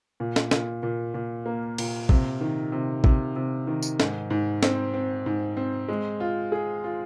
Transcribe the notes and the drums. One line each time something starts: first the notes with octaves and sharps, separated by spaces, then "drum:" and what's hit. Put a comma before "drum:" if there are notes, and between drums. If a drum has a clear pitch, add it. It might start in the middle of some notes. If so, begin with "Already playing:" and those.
A#2
drum: snare
A#2, drum: snare
A#2
A#2
A#3
A#2, drum: cymbal
C3, drum: kick A1
D#3
C3
C3, drum: kick A1
C3
D#3
drum: tambourine
G#2, drum: snare
G#2
C4, drum: snare
C4
G#2
C4
G#3
F4
G#4
F4